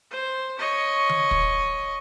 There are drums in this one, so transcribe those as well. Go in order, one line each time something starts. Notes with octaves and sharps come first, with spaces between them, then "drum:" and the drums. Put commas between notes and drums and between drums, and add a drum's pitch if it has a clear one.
C5
C#5 D#5
drum: tom D#3
drum: kick